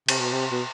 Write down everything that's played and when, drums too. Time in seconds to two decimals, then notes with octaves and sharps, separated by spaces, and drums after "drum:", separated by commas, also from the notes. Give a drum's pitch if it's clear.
0.09 C3, drum: cymbal
0.20 B2
0.32 C3
0.51 B2